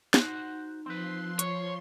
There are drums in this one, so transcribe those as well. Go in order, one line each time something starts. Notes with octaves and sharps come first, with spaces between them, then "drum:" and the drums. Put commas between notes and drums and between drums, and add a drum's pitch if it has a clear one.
D#4 F#4 C5 F#5, drum: snare
F3 C4 B4 C6
C#5, drum: hi-hat